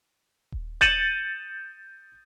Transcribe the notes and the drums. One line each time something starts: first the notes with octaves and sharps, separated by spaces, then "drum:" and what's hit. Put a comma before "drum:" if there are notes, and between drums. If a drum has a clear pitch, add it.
drum: kick D#1
G6 A6 C#7 D#7 E7 F#7, drum: kick D#1